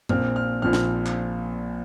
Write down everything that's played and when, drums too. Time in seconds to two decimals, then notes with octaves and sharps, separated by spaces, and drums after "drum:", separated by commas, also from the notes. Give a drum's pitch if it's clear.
0.09 A#1 A#2 F3 C4 F6, drum: tom F#2
0.36 F6
0.62 A#1 A#2 F3 C4 F6
0.73 drum: snare
1.06 drum: clap